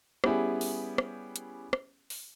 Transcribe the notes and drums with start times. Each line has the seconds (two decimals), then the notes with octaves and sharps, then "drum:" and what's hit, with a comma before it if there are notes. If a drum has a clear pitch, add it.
0.24 G3 B3 C#4 E4 G4 G#4, drum: rim click
0.61 drum: open hi-hat
0.98 drum: rim click
1.36 drum: hi-hat
1.73 drum: rim click
2.10 drum: open hi-hat